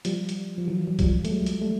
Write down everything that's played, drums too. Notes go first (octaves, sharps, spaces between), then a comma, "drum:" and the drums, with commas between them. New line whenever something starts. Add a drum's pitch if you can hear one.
F3 G3, drum: hi-hat
drum: hi-hat
F3
E3 F#3
F#3
F3 G3, drum: kick B1, hi-hat
A3, drum: hi-hat
F#3 G#3
drum: hi-hat
G3 A3